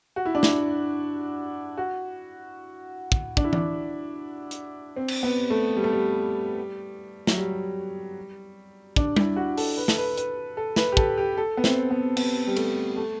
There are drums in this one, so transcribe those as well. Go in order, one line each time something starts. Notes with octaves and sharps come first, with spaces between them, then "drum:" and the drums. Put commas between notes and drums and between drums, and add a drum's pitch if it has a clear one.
F#4
E4
D4
E4, drum: snare
F#4
drum: kick
D4, drum: kick
E4
D4, drum: tom E3
drum: hi-hat
C4
drum: cymbal
B3
A3
G3
A3
G3
F#3, drum: snare
G3
D4, drum: kick
E4, drum: tom G3
F#4
A4, drum: open hi-hat
B4
A4, drum: snare
B4
B4, drum: hi-hat
A4
B4, drum: snare
G4
A4, drum: kick
G4
A4
B3
C4, drum: snare
B3
B3, drum: cymbal
G3
A3, drum: cymbal
A3